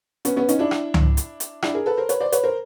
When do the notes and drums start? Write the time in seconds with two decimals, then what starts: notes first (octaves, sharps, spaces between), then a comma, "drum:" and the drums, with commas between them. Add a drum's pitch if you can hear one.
0.25 B3 C#4, drum: hi-hat
0.36 B3 C#4
0.49 C#4 D#4, drum: hi-hat
0.59 D4 E4
0.71 drum: rim click
0.94 drum: tom C#2
1.17 drum: hi-hat
1.40 drum: hi-hat
1.63 D4 E4, drum: rim click
1.74 G#4 A#4
1.86 A4 B4
1.97 A#4 C5
2.09 B4 C#5, drum: hi-hat
2.20 C5 D5
2.32 B4 C#5, drum: hi-hat
2.44 A#4 C5